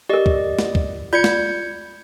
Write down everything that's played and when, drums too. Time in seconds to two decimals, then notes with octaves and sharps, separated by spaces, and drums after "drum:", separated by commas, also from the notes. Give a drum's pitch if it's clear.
0.09 G4 A#4 D5 D#5
0.26 drum: kick
0.59 drum: snare
0.75 drum: kick
1.13 F4 D5 B5 G6 G#6 C#7
1.24 drum: snare